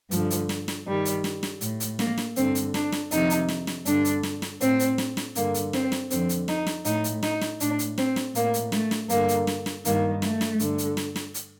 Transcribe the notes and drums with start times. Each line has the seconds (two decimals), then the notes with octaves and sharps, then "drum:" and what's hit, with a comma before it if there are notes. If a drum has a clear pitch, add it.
0.11 G2 D3 F3, drum: hi-hat
0.30 drum: hi-hat
0.49 drum: snare
0.68 drum: snare
0.87 G2 D#3 G3
1.05 drum: hi-hat
1.24 drum: snare
1.43 drum: snare
1.61 A2, drum: hi-hat
1.80 drum: hi-hat
1.99 A#3, drum: snare
2.18 drum: snare
2.36 G2 D3 C4, drum: hi-hat
2.55 drum: hi-hat
2.74 D4, drum: snare
2.92 drum: snare
3.11 F2 C3 D#3 D#4, drum: hi-hat
3.30 drum: hi-hat
3.48 drum: snare
3.67 drum: snare
3.85 G2 D3 D4, drum: hi-hat
4.05 drum: hi-hat
4.23 drum: snare
4.42 drum: snare
4.61 A2 C4, drum: hi-hat
4.79 drum: hi-hat
4.98 drum: snare
5.17 drum: snare
5.35 G2 D3 A#3, drum: hi-hat
5.54 drum: hi-hat
5.73 C4, drum: snare
5.92 drum: snare
6.10 F2 D3 C4, drum: hi-hat
6.29 drum: hi-hat
6.48 D#4, drum: snare
6.67 drum: snare
6.85 A2 D#4, drum: hi-hat
7.04 drum: hi-hat
7.23 D#4, drum: snare
7.41 drum: snare
7.60 A2 D4, drum: hi-hat
7.79 drum: hi-hat
7.98 C4, drum: snare
8.16 drum: snare
8.35 A2 A#3, drum: hi-hat
8.54 drum: hi-hat
8.72 A3, drum: snare
8.91 drum: snare
9.09 G2 D3 A#3, drum: hi-hat
9.28 drum: hi-hat
9.47 drum: snare
9.66 drum: snare
9.85 G2 D#3 A#3, drum: hi-hat
10.22 A3, drum: snare
10.41 drum: snare
10.59 G2 D3, drum: hi-hat
10.78 drum: hi-hat
10.97 drum: snare
11.16 drum: snare
11.34 drum: hi-hat